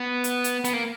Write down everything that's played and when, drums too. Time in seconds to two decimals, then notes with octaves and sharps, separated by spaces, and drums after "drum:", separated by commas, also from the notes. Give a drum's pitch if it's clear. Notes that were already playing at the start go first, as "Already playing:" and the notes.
Already playing: B3
0.24 drum: hi-hat
0.44 drum: hi-hat
0.64 B3, drum: hi-hat
0.73 A#3